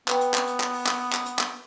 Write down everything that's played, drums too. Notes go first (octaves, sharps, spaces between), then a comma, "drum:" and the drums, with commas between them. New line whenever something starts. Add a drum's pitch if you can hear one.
B3 B4 G5, drum: clap
drum: hi-hat
drum: clap
drum: hi-hat
drum: clap
drum: open hi-hat
drum: clap
drum: clap
drum: hi-hat
drum: clap